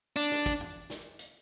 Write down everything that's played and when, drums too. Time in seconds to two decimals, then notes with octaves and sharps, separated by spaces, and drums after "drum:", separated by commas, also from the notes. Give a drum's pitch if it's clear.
0.16 D4
0.31 drum: snare
0.46 drum: kick, hi-hat
0.61 drum: tom
0.90 drum: snare
1.19 drum: hi-hat